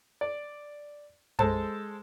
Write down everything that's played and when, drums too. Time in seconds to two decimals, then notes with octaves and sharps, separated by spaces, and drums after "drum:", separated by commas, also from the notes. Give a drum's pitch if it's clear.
0.21 D5
1.39 G#3 A4 C5 A5, drum: tom F#2